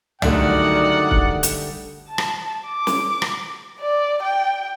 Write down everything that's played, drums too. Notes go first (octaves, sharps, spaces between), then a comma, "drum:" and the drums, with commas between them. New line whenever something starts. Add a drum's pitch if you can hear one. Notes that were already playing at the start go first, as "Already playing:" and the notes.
F#2 D3 D#3 G3 A3 F#4 D5 F#5, drum: tom
drum: kick
drum: hi-hat
A5
drum: rim click
D6
drum: snare
drum: rim click
D5
G5